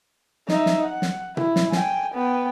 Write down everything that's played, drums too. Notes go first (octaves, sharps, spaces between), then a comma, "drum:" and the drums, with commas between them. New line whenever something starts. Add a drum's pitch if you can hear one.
D#4 E5, drum: snare
drum: snare
F#5
drum: snare
E4, drum: tom B2
drum: snare
G5 G#5, drum: snare
B3 G5